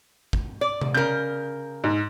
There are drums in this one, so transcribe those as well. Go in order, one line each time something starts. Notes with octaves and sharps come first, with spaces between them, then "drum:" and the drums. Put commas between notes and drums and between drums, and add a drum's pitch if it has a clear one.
drum: kick
D5
drum: tom C3
C#3 A#4 G6
G#2